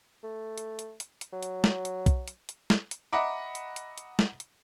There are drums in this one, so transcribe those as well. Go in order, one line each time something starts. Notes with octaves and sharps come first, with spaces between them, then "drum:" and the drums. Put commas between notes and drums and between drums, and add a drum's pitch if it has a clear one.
A3
drum: hi-hat
drum: hi-hat
drum: hi-hat
drum: hi-hat
F#3
drum: hi-hat
drum: snare
drum: hi-hat
drum: kick B1, hi-hat
drum: hi-hat
drum: hi-hat
drum: snare
drum: hi-hat
D#5 E5 F#5 A#5 B5 D6
drum: hi-hat
drum: hi-hat
drum: hi-hat
drum: snare
drum: hi-hat